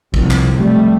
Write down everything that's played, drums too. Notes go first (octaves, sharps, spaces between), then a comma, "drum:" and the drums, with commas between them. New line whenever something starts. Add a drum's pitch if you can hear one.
F1 C2, drum: kick
drum: clap
F1 G3 A3